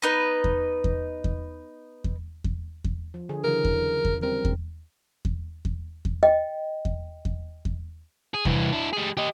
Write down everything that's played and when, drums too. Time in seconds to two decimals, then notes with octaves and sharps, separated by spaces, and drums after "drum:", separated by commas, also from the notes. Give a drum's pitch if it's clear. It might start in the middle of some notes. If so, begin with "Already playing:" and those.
0.02 B3 D#4 B4
0.44 drum: kick E2
0.84 drum: kick E2
1.24 drum: kick E2
2.04 drum: kick E2
2.44 drum: kick E2
2.84 drum: kick E2
3.14 F3
3.29 D3 G#4
3.44 C#3 E3 F#3 A#4
3.65 drum: kick E2
4.05 drum: kick E2
4.23 G3 C4 A#4
4.45 drum: kick E2
5.25 drum: kick E2
5.65 drum: kick E2
6.05 drum: kick E2
6.23 D#5 G5
6.85 drum: kick E2
7.25 drum: kick E2
7.65 drum: kick E2
8.34 G#4
8.45 C2 E3, drum: kick E2
8.72 D4 E4
8.93 G3 G#4
9.17 G4 D#5